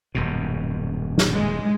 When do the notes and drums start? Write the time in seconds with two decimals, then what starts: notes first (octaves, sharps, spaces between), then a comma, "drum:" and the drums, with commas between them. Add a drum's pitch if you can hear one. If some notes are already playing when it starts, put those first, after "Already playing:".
0.15 D#1 F#2 B2
1.18 drum: snare
1.34 G#3